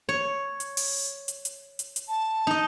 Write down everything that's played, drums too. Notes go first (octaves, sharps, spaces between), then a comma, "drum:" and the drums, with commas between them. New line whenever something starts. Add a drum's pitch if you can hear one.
C#5
drum: hi-hat
drum: open hi-hat
drum: hi-hat
drum: hi-hat
drum: hi-hat
drum: hi-hat
A5
D#4 D#5